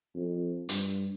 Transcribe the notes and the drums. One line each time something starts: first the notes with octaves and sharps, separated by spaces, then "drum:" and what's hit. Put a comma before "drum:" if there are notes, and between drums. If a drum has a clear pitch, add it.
F2
G2, drum: hi-hat